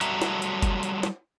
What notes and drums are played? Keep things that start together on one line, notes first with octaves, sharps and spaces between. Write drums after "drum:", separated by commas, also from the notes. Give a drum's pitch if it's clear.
F#3 G3 F#4 A4 E5 A#5, drum: hi-hat
drum: snare
drum: hi-hat
drum: kick F#1, hi-hat
drum: hi-hat
drum: snare